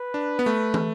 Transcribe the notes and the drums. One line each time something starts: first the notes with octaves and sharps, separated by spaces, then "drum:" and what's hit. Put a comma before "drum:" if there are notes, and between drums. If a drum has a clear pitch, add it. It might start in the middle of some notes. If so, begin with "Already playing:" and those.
Already playing: B4
D4
B3
A3
drum: tom